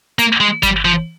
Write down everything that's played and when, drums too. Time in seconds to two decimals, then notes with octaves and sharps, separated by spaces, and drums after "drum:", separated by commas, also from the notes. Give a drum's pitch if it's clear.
0.19 A#3, drum: hi-hat
0.40 G#3
0.63 G3, drum: kick G1, hi-hat
0.85 F3